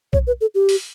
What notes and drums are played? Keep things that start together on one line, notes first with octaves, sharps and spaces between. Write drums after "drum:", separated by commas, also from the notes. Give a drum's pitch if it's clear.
C#5, drum: kick
B4
A4
G4
drum: open hi-hat